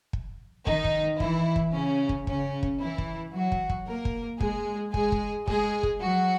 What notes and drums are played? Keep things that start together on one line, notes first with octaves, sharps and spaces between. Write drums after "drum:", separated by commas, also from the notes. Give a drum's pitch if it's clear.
drum: kick
D#3 D#4, drum: kick
drum: kick
E3 E4, drum: kick
drum: kick
C#3 C#4
drum: kick
C#3 C#4, drum: kick
drum: kick
E3 E4
drum: kick
F#3 F#4
drum: kick
drum: kick
A#3 A#4
drum: kick
G#3 G#4, drum: kick
G#3 G#4, drum: kick
drum: kick
G#3 G#4, drum: kick
drum: kick
F#3 F#4